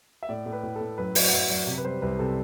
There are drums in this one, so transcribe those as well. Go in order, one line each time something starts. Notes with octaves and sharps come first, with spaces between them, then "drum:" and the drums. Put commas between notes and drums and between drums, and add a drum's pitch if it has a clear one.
E5
A2 D5
A2
B4
A2
A4
A2
F#2 B4
F#3 D5, drum: open hi-hat
F#5
F#2 E5
F#2 D5
C3
B4
G3 C5
C2 B4
C3 A4